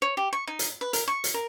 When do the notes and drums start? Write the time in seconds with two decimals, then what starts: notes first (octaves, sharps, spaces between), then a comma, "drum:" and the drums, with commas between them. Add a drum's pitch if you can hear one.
0.02 C#5
0.17 G4
0.33 C#6
0.47 D#4
0.59 drum: hi-hat
0.81 B4
0.93 A#4, drum: hi-hat
1.08 C#6
1.24 drum: hi-hat
1.34 A#4